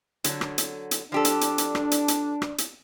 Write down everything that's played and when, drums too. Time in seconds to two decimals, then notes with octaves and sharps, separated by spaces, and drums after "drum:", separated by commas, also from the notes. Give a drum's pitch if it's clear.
0.24 D3 F#3, drum: hi-hat
0.41 drum: rim click
0.58 drum: hi-hat
0.91 drum: hi-hat
1.12 F3 D4 G4 A4
1.25 drum: hi-hat
1.41 drum: hi-hat
1.58 drum: hi-hat
1.75 drum: rim click
1.91 drum: hi-hat
2.08 drum: hi-hat
2.42 drum: rim click
2.58 drum: hi-hat